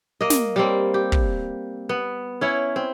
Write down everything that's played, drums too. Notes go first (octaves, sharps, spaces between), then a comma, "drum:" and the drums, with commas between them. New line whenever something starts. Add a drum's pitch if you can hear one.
A#3 D#5
drum: snare
G3 A#3 C4
G4
drum: kick
B3
C#4 E4 C#5
C4